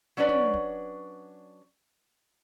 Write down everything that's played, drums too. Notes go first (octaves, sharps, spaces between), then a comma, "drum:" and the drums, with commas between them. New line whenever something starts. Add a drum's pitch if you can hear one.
F#3 C#4 D4 B4 D5
drum: tom
drum: kick